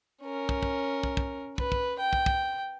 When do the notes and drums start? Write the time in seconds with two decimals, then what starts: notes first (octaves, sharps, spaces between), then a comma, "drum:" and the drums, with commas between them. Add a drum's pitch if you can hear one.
0.23 C#4 A#4
0.49 drum: kick
0.63 drum: kick
1.03 drum: kick
1.17 drum: kick
1.58 B4, drum: kick
1.72 drum: kick
1.99 G5
2.13 drum: kick
2.26 drum: kick